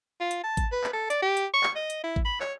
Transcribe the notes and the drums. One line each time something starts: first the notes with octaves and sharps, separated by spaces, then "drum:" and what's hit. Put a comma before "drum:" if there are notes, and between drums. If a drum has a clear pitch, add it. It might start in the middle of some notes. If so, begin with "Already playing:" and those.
F4
drum: hi-hat
A5
drum: kick G#1, hi-hat
B4
drum: clap
A4
D5, drum: hi-hat
G4
drum: hi-hat
C#6
drum: clap
D#5
drum: hi-hat
E4
drum: kick G#1
B5
C#5, drum: clap